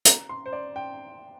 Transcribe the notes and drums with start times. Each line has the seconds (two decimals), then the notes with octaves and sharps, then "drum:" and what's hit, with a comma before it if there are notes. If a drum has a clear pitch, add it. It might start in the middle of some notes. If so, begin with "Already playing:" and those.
0.05 A#5, drum: hi-hat
0.29 C6
0.46 C5
0.53 D5
0.76 G5